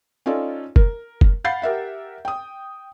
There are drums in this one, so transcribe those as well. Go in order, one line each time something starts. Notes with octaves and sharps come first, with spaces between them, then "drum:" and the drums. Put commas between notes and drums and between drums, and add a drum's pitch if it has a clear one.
C#4 D#4 F4 A4 D5
A#4, drum: kick
drum: kick
F5 F#5 B5 G6 A6 C7
G4 A#4 E5 F#5
G5 D#6